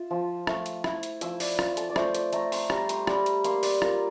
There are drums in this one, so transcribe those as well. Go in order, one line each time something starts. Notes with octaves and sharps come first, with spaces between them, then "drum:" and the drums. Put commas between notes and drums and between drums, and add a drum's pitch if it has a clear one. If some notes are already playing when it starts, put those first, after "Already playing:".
Already playing: F4 E5
F3
A3, drum: rim click
drum: hi-hat
E4, drum: rim click
drum: hi-hat
F3 E5, drum: hi-hat
D5, drum: open hi-hat
F4, drum: rim click
A4, drum: hi-hat
D5
A3 C5, drum: rim click
D5, drum: hi-hat
A3 A#5, drum: hi-hat
C6, drum: open hi-hat
G3 A#5, drum: rim click
C6, drum: hi-hat
G3, drum: rim click
drum: hi-hat
A#3 C6, drum: hi-hat
D5, drum: open hi-hat
F4 A#4, drum: rim click